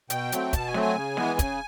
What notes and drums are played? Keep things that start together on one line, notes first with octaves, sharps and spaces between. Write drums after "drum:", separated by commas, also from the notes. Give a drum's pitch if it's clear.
B2 G5, drum: hi-hat
F#3 A3 C4, drum: hi-hat
B2 A5, drum: kick, hi-hat
G#5
F#3 A3 C4, drum: snare
G#5
C#3
E3 G#3 B3, drum: snare
C#3, drum: kick, hi-hat